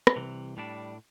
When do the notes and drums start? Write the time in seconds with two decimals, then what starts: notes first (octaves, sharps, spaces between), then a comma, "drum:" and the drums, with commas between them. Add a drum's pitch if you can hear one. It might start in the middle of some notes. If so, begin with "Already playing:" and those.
0.07 drum: rim click
0.16 C2 C3 E3
0.57 A2 G3 D4